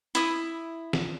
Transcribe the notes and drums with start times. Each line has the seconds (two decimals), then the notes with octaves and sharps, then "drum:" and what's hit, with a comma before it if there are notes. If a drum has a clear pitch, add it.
0.15 E4 D#6, drum: hi-hat
0.93 drum: snare